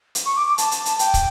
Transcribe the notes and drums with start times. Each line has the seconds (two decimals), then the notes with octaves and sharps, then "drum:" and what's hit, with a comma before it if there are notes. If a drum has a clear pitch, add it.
0.15 drum: hi-hat
0.26 C#6
0.36 D6
0.46 D6
0.58 A5, drum: hi-hat
0.71 drum: hi-hat
0.85 drum: hi-hat
0.99 G5, drum: hi-hat
1.14 drum: kick, hi-hat